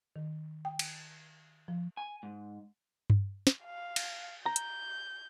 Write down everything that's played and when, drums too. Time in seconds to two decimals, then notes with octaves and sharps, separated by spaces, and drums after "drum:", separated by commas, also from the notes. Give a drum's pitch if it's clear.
0.16 D#3
0.65 G5
0.79 drum: cymbal
1.68 F3
1.97 G#5
2.23 G#2
3.10 drum: tom G2
3.47 drum: snare
3.65 F5
3.96 drum: cymbal
4.46 A#5 G6
4.56 drum: hi-hat